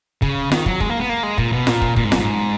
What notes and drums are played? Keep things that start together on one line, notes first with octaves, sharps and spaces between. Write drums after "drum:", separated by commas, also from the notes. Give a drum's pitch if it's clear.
C#3, drum: kick
D#3, drum: snare F4
F#3, drum: kick
G#3, drum: kick
A#3
B3
A#3
G#3
A#2, drum: kick
B2
A#2, drum: snare F4
drum: kick
A#2, drum: kick
G#2
F#2, drum: snare F4
G#2